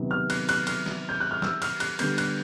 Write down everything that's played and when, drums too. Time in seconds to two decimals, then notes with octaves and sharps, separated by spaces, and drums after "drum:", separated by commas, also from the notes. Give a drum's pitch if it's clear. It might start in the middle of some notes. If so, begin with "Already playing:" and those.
Already playing: C3 D#3 F#3 B3
0.11 F6
0.30 F#6, drum: cymbal
0.49 F#6, drum: cymbal
0.67 F6, drum: cymbal
0.86 drum: snare
1.09 G6
1.20 F#6
1.31 F6
1.42 E6, drum: snare
1.62 F6, drum: cymbal
1.80 F#6, drum: cymbal
1.99 D3 G3 B3 G6, drum: cymbal
2.18 F#6, drum: cymbal